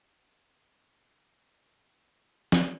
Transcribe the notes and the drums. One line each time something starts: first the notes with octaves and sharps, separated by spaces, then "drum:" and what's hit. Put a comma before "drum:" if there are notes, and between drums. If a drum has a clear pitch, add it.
G#3
A#3
A#3
G#3
G#3
drum: snare